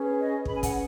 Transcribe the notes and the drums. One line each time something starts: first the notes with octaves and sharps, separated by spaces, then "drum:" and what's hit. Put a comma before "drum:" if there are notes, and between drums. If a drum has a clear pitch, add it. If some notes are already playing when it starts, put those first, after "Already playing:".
Already playing: C#4 G#4 B4
D#5
C#4 G#4 B4 B5, drum: kick
G#5
F#5, drum: kick, hi-hat